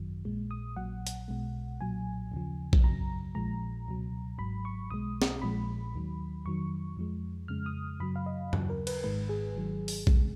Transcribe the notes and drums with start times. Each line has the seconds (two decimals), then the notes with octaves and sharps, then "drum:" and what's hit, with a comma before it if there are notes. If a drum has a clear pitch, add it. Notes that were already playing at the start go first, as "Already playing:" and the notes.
Already playing: G#1 F#2 D#3 F#3
0.25 A#1 A#2 G#3
0.51 D#6
0.76 A#1 A#2 F#3 F#5
1.07 drum: hi-hat
1.28 B1 B2 G#3
1.81 B1 A#2 F#3 G#5
2.32 D#2 C#3 F3
2.73 drum: kick A#1
2.84 F#2 C#3 F#3 A#5
3.35 A#1 A#2 F3 G#3 A#5
3.88 C#2 B2 F#3
4.38 G#1 G#2 F#3 B5
4.65 C#6
4.90 B1 B2 G#3 D#6
5.22 drum: snare
5.42 A#1 A#2 F3 G#3 B5
5.94 D#2 D#3 F#3
6.45 F2 D#3 F#3 C#6
6.97 F2 F3 G#3
7.48 F2 C#3 G#3 F6
7.66 D#6
8.00 F#2 C#3 F#3 B5
8.16 F5
8.26 D#5
8.53 D#2 C#3 F#3, drum: tom F#2
8.70 A#4
8.87 B4, drum: cymbal
9.04 G#1 G#2 D#3 G#3 B4
9.29 G#4
9.55 G#1 G#2 D#3 F#3
9.88 drum: open hi-hat
10.07 D#2 C#3 G#3, drum: kick A#1